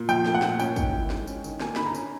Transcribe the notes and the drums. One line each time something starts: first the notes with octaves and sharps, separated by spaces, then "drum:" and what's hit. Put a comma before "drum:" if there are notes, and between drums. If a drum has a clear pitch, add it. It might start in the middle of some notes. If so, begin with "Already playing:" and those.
Already playing: A#2
F3 G5, drum: tambourine
A3, drum: snare
F#5
A#2, drum: snare
C#4 G5, drum: tambourine
D#3, drum: kick, tambourine
E4
G#3, drum: snare
C#4, drum: tambourine
D#3, drum: tambourine
A#3 G#5, drum: snare
D3 B5, drum: snare
A#5
C#4, drum: tambourine